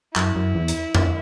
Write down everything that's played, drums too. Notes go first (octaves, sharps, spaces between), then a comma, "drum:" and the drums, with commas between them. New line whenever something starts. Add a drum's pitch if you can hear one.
F#2 E4, drum: clap
F#2
E2
drum: hi-hat
drum: tom F2